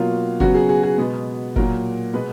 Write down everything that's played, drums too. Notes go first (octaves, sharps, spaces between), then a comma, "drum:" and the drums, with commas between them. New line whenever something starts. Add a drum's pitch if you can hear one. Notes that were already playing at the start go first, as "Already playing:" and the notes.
Already playing: B2 F#3 A#3 F4
C#3 F#3 B3 F#4, drum: kick
G#4
G#4
G#4
B2 G#3 B3
A#2 F#3 A#3 A#4, drum: kick
B2 G#3 B3 B4